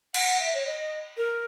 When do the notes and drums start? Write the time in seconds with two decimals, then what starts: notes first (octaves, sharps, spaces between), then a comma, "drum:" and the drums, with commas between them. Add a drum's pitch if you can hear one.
0.14 F#5, drum: cymbal
0.40 E5
0.55 C#5
0.67 D#5
1.17 A#4